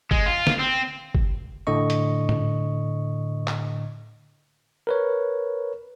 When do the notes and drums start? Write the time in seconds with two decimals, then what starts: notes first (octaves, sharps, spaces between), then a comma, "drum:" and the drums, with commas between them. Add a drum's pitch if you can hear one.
0.11 G#3, drum: kick G1
0.26 F4
0.47 drum: snare
0.59 C4
1.15 drum: kick G1
1.67 A2 D3 D#5 C#6
1.90 drum: hi-hat
2.29 drum: tom
3.48 drum: clap
4.87 A#4 B4 C#5